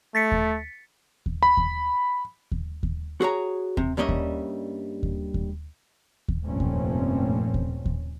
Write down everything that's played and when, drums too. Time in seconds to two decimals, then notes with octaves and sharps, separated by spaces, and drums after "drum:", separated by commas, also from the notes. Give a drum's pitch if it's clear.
0.15 A3 A6 B6 C#7
0.32 drum: kick D#2
1.26 drum: kick D#2
1.43 B5
1.57 drum: kick D#2
2.52 drum: kick D#2
2.83 drum: kick D#2
3.21 F#4 G#4 C#5 A#5
3.77 C3, drum: kick D#2
3.97 G2 G3 A#3 C#4 D#5 E5
4.09 drum: kick D#2
5.03 drum: kick D#2
5.34 drum: kick D#2
6.28 drum: kick D#2
6.44 F1 G2 A#2 A3 C4 C#4
6.60 drum: kick D#2
7.54 drum: kick D#2
7.85 drum: kick D#2